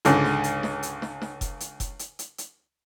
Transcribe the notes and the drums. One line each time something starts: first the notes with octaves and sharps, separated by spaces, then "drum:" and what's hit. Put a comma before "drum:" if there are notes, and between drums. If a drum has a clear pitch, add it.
C#2 G#2 D3, drum: hi-hat
drum: snare
drum: hi-hat
drum: snare
drum: hi-hat
drum: snare
drum: snare
drum: kick F1, hi-hat
drum: hi-hat
drum: kick F1, hi-hat
drum: hi-hat
drum: hi-hat
drum: hi-hat